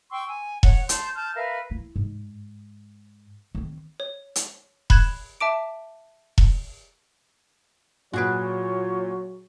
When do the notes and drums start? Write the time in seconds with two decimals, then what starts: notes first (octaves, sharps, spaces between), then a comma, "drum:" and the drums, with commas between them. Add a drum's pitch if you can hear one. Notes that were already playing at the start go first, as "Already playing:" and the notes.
0.12 G5 C6 C#6 E6
0.28 G#5
0.63 C#5 F#5, drum: kick E1
0.89 A5 C6 G6, drum: hi-hat
1.15 A5 F6 G6
1.36 A#4 B4 E5 F5
1.71 E4
1.96 G#2
3.55 D#3 C4
4.00 C#5
4.36 drum: hi-hat
4.90 B5 F#6 G#6 E7, drum: kick E1
5.41 E5 A5 D6 D7
6.38 drum: kick E1
8.13 A#2 F#3 F#4 G#4 B4 C#5 D7